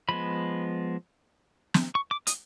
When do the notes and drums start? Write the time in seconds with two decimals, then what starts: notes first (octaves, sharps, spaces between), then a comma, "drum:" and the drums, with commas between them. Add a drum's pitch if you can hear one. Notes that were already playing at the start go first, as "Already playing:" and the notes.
0.09 F3 G#3 B3 B5
1.74 drum: snare
1.95 C#6
2.11 D6
2.27 D#6, drum: hi-hat